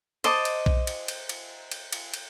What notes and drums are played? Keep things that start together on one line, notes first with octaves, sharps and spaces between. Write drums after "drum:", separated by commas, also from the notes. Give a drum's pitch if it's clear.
C5 D#5 A5 D6, drum: cymbal
drum: cymbal
drum: kick B1
drum: cymbal
drum: cymbal
drum: cymbal
drum: cymbal
drum: cymbal
drum: cymbal